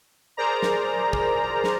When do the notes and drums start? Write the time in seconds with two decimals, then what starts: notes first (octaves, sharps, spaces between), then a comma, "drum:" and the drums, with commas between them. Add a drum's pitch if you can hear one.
0.37 G#4 A#4 C5 D5 A#5
0.62 drum: snare
1.13 drum: kick
1.64 drum: snare